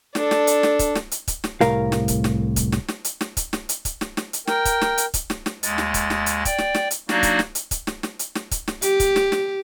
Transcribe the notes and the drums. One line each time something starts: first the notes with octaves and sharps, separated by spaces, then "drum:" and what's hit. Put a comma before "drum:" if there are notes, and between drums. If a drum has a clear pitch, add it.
D4 A4, drum: snare
drum: snare
drum: hi-hat
drum: snare
drum: kick, hi-hat
drum: snare
drum: hi-hat
drum: kick, hi-hat
drum: snare
C2 A2 A#4 F5, drum: snare
drum: snare
drum: kick, hi-hat
drum: snare
drum: kick, hi-hat
drum: snare
drum: snare
drum: hi-hat
drum: snare
drum: kick, hi-hat
drum: snare
drum: hi-hat
drum: kick, hi-hat
drum: snare
drum: snare
drum: hi-hat
A#4 G5, drum: snare
drum: kick, hi-hat
drum: snare
drum: hi-hat
drum: kick, hi-hat
drum: snare
drum: snare
D#2 G#3 A6, drum: hi-hat
drum: snare
drum: kick, hi-hat
drum: snare
drum: hi-hat
D5 G5, drum: kick, hi-hat
drum: snare
drum: snare
drum: hi-hat
F#3 A#3 D4 D#4 F#4 D5, drum: snare
drum: kick, hi-hat
drum: snare
drum: hi-hat
drum: kick, hi-hat
drum: snare
drum: snare
drum: hi-hat
drum: snare
drum: kick, hi-hat
drum: snare
G4, drum: hi-hat
drum: kick, hi-hat
drum: snare
drum: snare